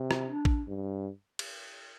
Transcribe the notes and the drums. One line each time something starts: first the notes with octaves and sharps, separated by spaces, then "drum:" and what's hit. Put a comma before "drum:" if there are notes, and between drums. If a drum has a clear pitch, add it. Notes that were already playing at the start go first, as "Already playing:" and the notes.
Already playing: C3
drum: rim click
D4
drum: kick A1
G2
drum: cymbal